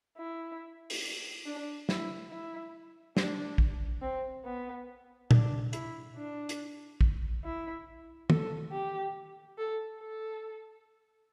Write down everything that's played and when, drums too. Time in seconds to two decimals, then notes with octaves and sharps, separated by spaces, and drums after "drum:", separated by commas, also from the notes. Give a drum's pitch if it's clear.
0.17 E4
0.90 drum: open hi-hat
1.46 D4
1.89 E4, drum: snare
2.31 E4
3.17 D4, drum: snare
3.58 drum: kick
4.02 C4
4.45 B3
5.31 D4, drum: tom A#2
5.73 E4, drum: hi-hat
6.16 D4
6.49 drum: hi-hat
7.01 drum: kick
7.44 E4
8.30 A4, drum: tom
8.72 G4
9.58 A4
10.00 A4